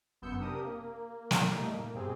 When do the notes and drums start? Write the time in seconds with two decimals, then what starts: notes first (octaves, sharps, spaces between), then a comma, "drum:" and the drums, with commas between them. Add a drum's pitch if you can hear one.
0.22 G1 F#2 B3 E6 G6 C#7
0.40 C3 D4 G4 A#4 D#6
0.64 A#3
1.31 drum: snare
1.55 G3 A3 A#3 D#4
1.74 A#2 A#3
1.95 G2 B2 C4 G4 G#4